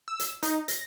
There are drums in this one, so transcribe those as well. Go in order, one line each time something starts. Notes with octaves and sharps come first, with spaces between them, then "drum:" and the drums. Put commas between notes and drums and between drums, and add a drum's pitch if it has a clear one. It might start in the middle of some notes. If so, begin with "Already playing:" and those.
E6
drum: hi-hat
D#4, drum: hi-hat
A#6, drum: hi-hat